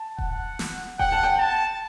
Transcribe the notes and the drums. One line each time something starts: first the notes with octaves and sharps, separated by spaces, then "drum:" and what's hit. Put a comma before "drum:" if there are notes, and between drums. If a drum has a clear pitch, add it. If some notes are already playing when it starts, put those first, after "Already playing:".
Already playing: A5
F#5, drum: kick D#1
drum: snare
F#5 G5, drum: kick D#1
A5
G5
A5